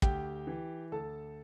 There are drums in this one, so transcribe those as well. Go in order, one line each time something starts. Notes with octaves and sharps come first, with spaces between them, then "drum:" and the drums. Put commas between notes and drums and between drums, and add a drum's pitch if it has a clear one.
D2 G4 G5, drum: kick
E3
D2 A4 A5